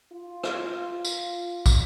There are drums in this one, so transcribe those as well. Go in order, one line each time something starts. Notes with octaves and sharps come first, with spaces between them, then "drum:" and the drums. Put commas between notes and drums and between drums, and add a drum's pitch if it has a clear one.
F4
drum: rim click
drum: tambourine
drum: kick, tambourine